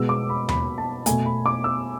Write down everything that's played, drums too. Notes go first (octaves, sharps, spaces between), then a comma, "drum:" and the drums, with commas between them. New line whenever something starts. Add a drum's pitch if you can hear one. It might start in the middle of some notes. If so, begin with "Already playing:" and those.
Already playing: B2 G#3 B3 E6
D6
B5
B5, drum: tom D#2
A5
B2 A3 G#5, drum: hi-hat
B5
D6
E6